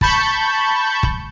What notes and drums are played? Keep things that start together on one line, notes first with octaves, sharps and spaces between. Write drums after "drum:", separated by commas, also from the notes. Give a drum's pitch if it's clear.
A5 B5 C#6 G6, drum: kick
drum: kick